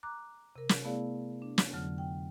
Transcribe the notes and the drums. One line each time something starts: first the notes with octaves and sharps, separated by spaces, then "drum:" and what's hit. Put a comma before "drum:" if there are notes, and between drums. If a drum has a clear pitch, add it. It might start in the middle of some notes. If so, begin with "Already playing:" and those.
A#5 D6 F#6
C3 A#4
drum: snare
A3 B3 E4 G#4 D5 F5
D4
drum: snare
F2 D3 F#3 F6
G5